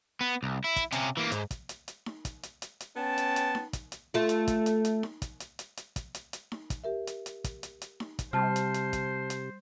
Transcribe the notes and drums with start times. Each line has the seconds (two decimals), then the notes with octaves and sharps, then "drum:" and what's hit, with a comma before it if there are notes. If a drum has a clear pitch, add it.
0.21 B3
0.43 C2
0.64 E4
0.76 drum: kick, hi-hat
0.92 C3 C#4, drum: hi-hat
1.17 E3 A#3
1.32 G#2, drum: hi-hat
1.51 drum: kick, hi-hat
1.69 drum: hi-hat
1.88 drum: hi-hat
2.06 drum: snare D#4
2.25 drum: kick, hi-hat
2.43 drum: hi-hat
2.62 drum: hi-hat
2.80 drum: hi-hat
2.95 B3 C#4 G5 A5
3.18 drum: hi-hat
3.36 drum: hi-hat
3.55 drum: snare D#4
3.73 drum: kick, hi-hat
3.92 drum: hi-hat
4.14 A3 F4
4.29 drum: hi-hat
4.47 drum: kick, hi-hat
4.66 drum: hi-hat
4.85 drum: hi-hat
5.03 drum: snare D#4
5.22 drum: kick, hi-hat
5.40 drum: hi-hat
5.59 drum: hi-hat
5.77 drum: hi-hat
5.96 drum: kick, hi-hat
6.14 drum: hi-hat
6.33 drum: hi-hat
6.52 drum: snare D#4
6.70 drum: kick, hi-hat
6.84 G4 A#4 E5
7.07 drum: hi-hat
7.26 drum: hi-hat
7.44 drum: kick, hi-hat
7.63 drum: hi-hat
7.81 drum: hi-hat
8.00 drum: snare D#4
8.19 drum: kick, hi-hat
8.33 C3 G3 C5 A5 F6
8.56 drum: hi-hat
8.74 drum: hi-hat
8.93 drum: kick, hi-hat
9.30 drum: hi-hat